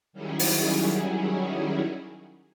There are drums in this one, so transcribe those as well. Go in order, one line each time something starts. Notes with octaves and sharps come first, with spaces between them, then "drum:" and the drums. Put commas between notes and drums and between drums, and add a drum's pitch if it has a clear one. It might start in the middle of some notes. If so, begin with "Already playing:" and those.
D#3 F#3 G3 C#4 E4 G#4
drum: open hi-hat